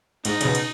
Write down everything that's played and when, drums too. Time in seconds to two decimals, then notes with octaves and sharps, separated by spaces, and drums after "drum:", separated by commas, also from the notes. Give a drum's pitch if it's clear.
0.25 G#2 D#4, drum: cymbal
0.41 C#3, drum: cymbal
0.45 B2
0.55 drum: cymbal